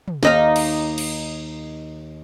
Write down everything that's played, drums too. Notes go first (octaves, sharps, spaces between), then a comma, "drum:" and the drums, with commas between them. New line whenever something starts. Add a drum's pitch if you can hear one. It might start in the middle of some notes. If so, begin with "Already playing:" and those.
drum: tom
D#2 D#4 F5, drum: snare
drum: cymbal
drum: cymbal